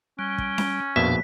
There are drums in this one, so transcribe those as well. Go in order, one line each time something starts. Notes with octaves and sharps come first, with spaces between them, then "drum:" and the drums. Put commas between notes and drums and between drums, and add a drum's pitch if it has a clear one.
G3 C#4 F#6
drum: kick
drum: snare C#4
A#1 F2 B2 D4 E5 F5 B6